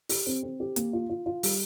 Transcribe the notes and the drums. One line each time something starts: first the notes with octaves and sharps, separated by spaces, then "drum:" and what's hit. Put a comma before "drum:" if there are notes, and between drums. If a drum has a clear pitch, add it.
G4, drum: open hi-hat
C4
C4
G4
A#3, drum: hi-hat
F4
F4
F4
G3, drum: open hi-hat